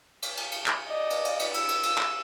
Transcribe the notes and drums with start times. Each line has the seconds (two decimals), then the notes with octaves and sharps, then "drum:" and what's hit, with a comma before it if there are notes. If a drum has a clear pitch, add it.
0.22 drum: cymbal
0.37 drum: cymbal
0.52 drum: cymbal
0.66 drum: clap
0.88 D5 D#5
1.10 drum: cymbal
1.25 drum: cymbal
1.39 drum: cymbal
1.54 E6, drum: cymbal
1.69 drum: cymbal
1.83 drum: cymbal
1.98 drum: clap